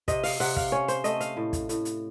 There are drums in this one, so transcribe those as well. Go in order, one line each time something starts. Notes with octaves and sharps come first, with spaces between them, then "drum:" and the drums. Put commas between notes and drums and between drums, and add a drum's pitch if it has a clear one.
C3 D#5, drum: kick, hi-hat
F5, drum: open hi-hat
C3 F#5, drum: open hi-hat
F5, drum: kick
C#4 C#5
C5, drum: hi-hat
A3 D#5, drum: hi-hat
F5, drum: hi-hat
A2
drum: kick, hi-hat
A2, drum: hi-hat
drum: hi-hat